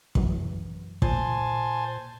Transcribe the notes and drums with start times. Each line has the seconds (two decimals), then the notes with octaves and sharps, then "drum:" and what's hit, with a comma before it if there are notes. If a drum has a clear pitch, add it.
0.15 F#2 E3 F#3, drum: kick
1.02 A#2 C5 G#5 A5, drum: kick